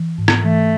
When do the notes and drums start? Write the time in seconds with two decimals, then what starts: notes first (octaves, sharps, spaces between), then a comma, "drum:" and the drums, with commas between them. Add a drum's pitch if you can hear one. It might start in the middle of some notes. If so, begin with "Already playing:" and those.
Already playing: E3
0.18 G#2
0.28 drum: rim click
0.43 E3 A3